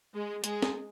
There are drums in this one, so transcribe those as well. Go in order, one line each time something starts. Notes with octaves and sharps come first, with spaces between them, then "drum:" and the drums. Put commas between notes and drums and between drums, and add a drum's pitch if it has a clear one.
G#3 G#4
G#3 G#4, drum: hi-hat
drum: snare